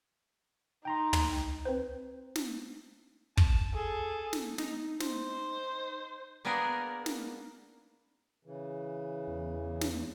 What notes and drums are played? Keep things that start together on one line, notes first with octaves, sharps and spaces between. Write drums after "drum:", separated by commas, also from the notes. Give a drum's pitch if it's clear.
D#4 G5 A#5 C6
drum: tom
C4 B4 C5
drum: snare
A5, drum: kick
G#4 A4
drum: snare
D#4, drum: snare
C5, drum: snare
A#3 B3 D4 G#4 A#4
drum: snare
C#3 E3
E2
drum: snare